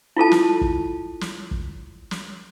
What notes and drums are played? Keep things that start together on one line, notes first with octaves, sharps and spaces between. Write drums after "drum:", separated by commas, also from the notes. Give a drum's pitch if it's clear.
E4 F4 A4 A5
drum: snare
drum: kick
drum: snare
drum: kick
drum: snare